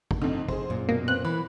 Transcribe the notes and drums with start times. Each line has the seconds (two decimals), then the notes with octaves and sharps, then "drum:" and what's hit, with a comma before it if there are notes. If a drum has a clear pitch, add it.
0.11 drum: kick
0.21 F2 D3 D#4
0.48 G#4 C5, drum: kick
0.70 F#2 A#2
0.89 B2 A#3
1.08 C4 B4 F#6
1.25 E3 B5